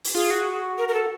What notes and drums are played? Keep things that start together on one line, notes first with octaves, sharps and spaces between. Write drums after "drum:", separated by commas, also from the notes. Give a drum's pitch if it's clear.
drum: open hi-hat
F4 G#4
F#4
A#4
A#4
A4